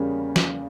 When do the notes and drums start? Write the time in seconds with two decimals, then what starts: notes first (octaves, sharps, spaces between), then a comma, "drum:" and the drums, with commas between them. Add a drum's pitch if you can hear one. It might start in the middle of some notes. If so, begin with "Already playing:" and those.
Already playing: E2 C#3 G3 A#3 C#4
0.36 drum: snare